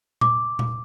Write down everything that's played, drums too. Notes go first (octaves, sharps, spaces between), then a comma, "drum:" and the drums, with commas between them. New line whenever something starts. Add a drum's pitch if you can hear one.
D6, drum: tom A#2
drum: tom A#2